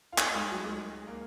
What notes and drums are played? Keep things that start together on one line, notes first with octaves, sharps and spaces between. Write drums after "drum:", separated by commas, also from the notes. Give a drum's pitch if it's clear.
F4
D#4, drum: clap
G#3
F#3
G#3
A#3